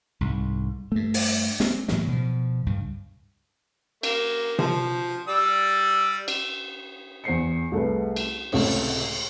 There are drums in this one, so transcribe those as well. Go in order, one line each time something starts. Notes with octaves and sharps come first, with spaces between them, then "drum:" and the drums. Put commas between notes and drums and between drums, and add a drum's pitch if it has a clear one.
C2 G#2
G2 A3
drum: open hi-hat
G#3 C4, drum: snare
A2 E3 F#3, drum: snare
B2 F3
C#2 G2
A#3, drum: cymbal
F3, drum: tom C3
G3 D5 E6
drum: cymbal
E2 C5 C7 C#7
C2 A3 G#4 B4
drum: cymbal
C#2 A2 C3 A3, drum: cymbal